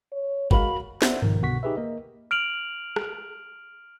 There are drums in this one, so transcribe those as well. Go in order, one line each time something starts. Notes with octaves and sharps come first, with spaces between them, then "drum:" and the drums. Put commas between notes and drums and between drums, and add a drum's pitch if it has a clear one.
C#5
G#3 F#4 A#4 F5 B5, drum: kick
C5 D5 E5 F#5, drum: snare
A#1 B2 D#3 F3 A#4, drum: tom G2
C2 B2 D3 F#5 C#6 B6
D#4 G4 G#4 B4 E5
A#3 A#4 D#5
F6 D7 F7 F#7
drum: rim click